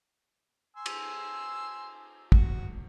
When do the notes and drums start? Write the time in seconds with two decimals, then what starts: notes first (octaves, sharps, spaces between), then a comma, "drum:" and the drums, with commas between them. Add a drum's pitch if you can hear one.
0.77 G#5 C6 E6
0.86 drum: cymbal
2.32 F#4, drum: kick